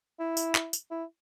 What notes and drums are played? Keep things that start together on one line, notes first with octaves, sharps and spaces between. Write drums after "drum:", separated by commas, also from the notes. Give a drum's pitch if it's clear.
E4
drum: tambourine
drum: clap
drum: tambourine
E4